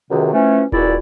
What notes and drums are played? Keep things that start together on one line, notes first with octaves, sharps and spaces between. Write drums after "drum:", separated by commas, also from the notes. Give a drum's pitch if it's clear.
C#2 F#2 C3 D#3
E3 F3 A3 C#4
C#2 A#2 E4 F#4 D5, drum: kick D#1